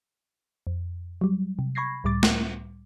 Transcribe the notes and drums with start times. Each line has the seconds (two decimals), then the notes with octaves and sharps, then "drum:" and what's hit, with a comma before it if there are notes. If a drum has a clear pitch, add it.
0.67 F2
1.21 F#3 G3
1.59 C3
1.75 B5 C#6 G#6 A#6 C7
2.04 C#2 A2 G3 D6 A6
2.23 drum: snare